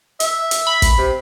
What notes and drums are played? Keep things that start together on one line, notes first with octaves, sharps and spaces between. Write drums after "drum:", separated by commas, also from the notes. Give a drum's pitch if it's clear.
E5, drum: hi-hat
drum: hi-hat
B5
drum: kick, hi-hat
C3